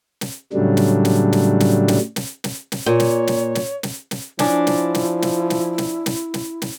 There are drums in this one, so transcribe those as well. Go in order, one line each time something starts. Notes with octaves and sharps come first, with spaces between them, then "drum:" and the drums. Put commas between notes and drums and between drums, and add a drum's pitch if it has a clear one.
drum: snare
A2 C#3 F#3 G3 A3 D4
drum: snare
drum: snare
drum: snare
drum: snare
drum: snare
drum: snare
drum: snare
drum: snare
A#2 C#5
drum: snare
drum: snare
drum: snare
drum: snare
drum: snare
F3 C#4 D4 E4, drum: snare
drum: snare
drum: snare
drum: snare
drum: snare
drum: snare
drum: snare
drum: snare
drum: snare